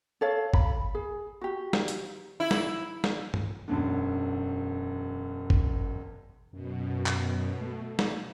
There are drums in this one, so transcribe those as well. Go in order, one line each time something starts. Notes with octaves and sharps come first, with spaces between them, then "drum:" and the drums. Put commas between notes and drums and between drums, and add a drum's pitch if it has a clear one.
A4 C#5 F5
B5, drum: kick G1
G#4
F#4 G4
drum: snare
drum: hi-hat
E4
drum: snare
drum: snare
drum: tom
E1 F#2 D3
drum: kick G1
F#2 B2
drum: clap
A3
drum: snare